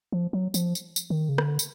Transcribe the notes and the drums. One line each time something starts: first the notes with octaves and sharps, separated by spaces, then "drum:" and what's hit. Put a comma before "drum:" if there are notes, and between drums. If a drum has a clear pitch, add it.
F3
F#3
F3, drum: tambourine
drum: tambourine
drum: tambourine
D#3
C#3
D3, drum: rim click
drum: tambourine